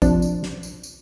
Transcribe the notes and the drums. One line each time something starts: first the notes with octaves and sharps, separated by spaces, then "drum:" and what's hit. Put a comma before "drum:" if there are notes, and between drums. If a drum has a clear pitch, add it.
C3 F3 D4, drum: kick A1, tambourine
drum: tambourine
drum: snare
drum: tambourine
drum: tambourine